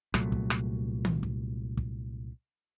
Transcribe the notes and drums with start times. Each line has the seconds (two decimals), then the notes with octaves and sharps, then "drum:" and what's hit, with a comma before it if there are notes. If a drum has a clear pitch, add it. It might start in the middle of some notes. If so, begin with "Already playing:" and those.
0.14 C2 A#2 F#3 A3, drum: rim click
0.32 drum: kick
0.50 drum: rim click
1.05 drum: tom D#3
1.23 drum: kick
1.77 drum: kick